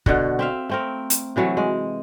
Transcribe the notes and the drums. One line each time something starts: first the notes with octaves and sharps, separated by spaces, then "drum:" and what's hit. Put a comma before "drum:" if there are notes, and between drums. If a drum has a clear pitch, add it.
B2 D3 F#4, drum: kick
C4 E5 F5
A3 C4 A#4
drum: hi-hat
C3 E3 F#3 A3
G#3